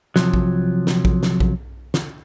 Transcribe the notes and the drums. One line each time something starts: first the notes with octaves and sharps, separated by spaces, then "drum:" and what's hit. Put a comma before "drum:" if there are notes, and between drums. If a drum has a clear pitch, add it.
C3 F3 F#3, drum: snare
drum: kick
drum: snare
drum: kick
drum: snare
drum: kick
drum: snare